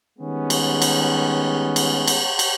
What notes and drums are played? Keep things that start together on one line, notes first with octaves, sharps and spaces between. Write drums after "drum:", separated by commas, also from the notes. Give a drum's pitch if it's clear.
D#3 G3 G#3 B3 C#4
drum: cymbal
drum: cymbal
drum: cymbal
drum: cymbal
drum: cymbal